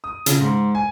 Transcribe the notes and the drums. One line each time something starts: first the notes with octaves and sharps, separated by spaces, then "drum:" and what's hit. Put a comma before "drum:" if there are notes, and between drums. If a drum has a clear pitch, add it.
D#6
C#3, drum: hi-hat
G#2
G#5